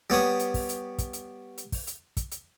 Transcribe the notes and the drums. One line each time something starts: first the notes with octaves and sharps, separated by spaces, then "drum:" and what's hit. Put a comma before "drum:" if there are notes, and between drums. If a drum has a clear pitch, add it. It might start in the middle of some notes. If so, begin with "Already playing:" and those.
G3 B3 C#5 D#6
drum: hi-hat
drum: kick, open hi-hat
drum: hi-hat
drum: kick, hi-hat
drum: hi-hat
drum: hi-hat
drum: kick, open hi-hat
drum: hi-hat
drum: kick, hi-hat
drum: hi-hat